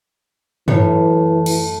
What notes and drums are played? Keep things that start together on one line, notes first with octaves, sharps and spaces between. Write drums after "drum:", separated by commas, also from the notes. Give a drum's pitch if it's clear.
F#2 A2 E3 C#5, drum: tom G2
drum: cymbal